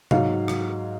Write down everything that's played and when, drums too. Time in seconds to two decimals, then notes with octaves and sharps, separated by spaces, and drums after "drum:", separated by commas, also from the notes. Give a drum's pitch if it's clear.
0.11 G#2 F#3 F5, drum: tom C3
0.48 drum: rim click